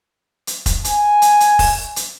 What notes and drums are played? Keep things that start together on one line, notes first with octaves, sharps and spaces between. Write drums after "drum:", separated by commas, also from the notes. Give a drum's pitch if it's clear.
drum: hi-hat
drum: kick F1, hi-hat
G#5, drum: hi-hat
drum: hi-hat
drum: hi-hat
drum: kick F1, open hi-hat
drum: hi-hat